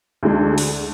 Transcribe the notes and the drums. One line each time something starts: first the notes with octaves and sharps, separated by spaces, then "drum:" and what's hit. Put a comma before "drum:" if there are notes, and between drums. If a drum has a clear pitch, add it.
D2 D3 G#3 D4
drum: open hi-hat